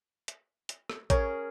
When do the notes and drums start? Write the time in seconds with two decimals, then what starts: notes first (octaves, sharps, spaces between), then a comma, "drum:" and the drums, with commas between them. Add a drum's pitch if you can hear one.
0.28 drum: hi-hat
0.69 drum: hi-hat
0.90 drum: rim click
1.10 C#4 G#4 A#4 C#5, drum: kick A1, hi-hat